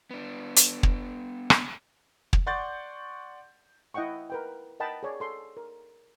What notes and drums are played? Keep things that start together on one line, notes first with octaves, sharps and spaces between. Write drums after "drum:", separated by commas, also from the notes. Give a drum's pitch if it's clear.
B3 D4
drum: hi-hat
drum: kick
drum: rim click
drum: kick
D5 F#5 C6 C#6 G6 A6
E4 D#5 F#5 G5 C#6
A#4 B4 G5
A#4 D#5 F#5 G5 A5 B5
G#4 C#5 D5
A4 C6
A#4